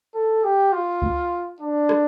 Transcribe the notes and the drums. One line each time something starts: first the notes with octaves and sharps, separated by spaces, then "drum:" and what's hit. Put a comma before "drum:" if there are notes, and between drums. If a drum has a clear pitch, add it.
A4
G4
F4
drum: kick C#2
D4
drum: rim click